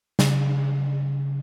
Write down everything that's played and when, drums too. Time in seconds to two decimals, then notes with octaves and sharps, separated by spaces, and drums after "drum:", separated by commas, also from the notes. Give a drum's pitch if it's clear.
0.19 C#3, drum: snare